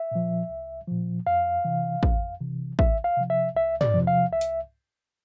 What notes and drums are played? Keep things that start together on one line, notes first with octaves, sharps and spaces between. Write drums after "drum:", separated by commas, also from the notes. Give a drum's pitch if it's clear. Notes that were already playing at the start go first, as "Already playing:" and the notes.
Already playing: E5
A#2 F3
C2
A#2 F3
F2 F5
C3 E3
F2, drum: kick
C3 E3
C2 E5, drum: kick
F5
C3 F3
E5
C2 E5
D5, drum: tom
C3 F3
F5
C2 E5
drum: hi-hat